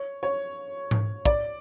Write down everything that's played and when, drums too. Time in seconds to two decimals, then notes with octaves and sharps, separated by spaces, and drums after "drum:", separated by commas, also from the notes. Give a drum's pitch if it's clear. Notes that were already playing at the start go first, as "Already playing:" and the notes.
Already playing: C#5
0.23 C#5
0.91 drum: tom G#2
1.25 D5, drum: kick